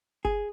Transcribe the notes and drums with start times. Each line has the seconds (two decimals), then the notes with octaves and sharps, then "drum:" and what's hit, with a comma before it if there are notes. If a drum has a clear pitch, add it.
0.25 G#4, drum: kick F#1